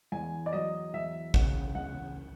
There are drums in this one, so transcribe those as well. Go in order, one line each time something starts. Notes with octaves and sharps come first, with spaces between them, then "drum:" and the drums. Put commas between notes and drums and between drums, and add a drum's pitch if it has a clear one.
E2 G#5
D5
F#3 D#5
E2 E5
C#3 F#5, drum: kick A1
E2 F#5